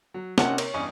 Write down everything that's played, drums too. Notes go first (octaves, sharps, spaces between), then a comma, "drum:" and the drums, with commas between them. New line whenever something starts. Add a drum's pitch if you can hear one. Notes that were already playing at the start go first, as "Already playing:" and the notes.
F#3
C3 A#3 C#4 D#4 F#5, drum: snare
A#4 C#5, drum: cymbal
E2 G2 C#4 D#5